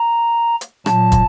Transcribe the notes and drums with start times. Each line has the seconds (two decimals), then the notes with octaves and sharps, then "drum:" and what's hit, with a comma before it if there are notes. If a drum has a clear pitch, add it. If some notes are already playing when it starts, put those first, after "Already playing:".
Already playing: A#5
0.61 drum: hi-hat
0.86 A#2 F#3 A5, drum: rim click
1.12 drum: kick, hi-hat